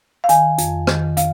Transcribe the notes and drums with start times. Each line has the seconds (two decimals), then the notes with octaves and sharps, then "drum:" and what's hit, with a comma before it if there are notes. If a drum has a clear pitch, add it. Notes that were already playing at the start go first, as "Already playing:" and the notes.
0.24 F5
0.29 D#3 G#5, drum: hi-hat
0.58 F2, drum: hi-hat
0.87 D#3, drum: rim click
1.17 F5, drum: hi-hat